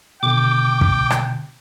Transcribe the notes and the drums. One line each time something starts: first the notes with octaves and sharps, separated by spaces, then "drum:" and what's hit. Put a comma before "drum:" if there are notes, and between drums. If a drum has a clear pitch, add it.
B2 D3 G5 D6
drum: kick
drum: rim click